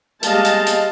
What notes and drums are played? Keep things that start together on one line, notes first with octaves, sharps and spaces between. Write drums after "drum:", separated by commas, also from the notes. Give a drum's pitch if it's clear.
G3 G#3 D#5 F5 A5, drum: hi-hat
drum: hi-hat
drum: hi-hat